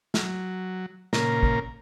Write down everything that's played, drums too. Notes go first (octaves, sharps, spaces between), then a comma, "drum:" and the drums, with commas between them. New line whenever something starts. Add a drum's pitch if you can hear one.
F#3, drum: snare
A#2 C#3 A#3 A#4, drum: snare
drum: kick